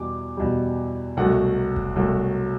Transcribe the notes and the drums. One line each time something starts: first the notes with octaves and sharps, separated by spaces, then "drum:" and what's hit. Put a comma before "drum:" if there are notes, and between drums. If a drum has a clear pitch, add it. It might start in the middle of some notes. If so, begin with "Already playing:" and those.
Already playing: E2 B2 G3 D6
E2 B2 G3
C2 B2 F#3 A3 F#5
drum: kick E1
C2 B2 F#3 A3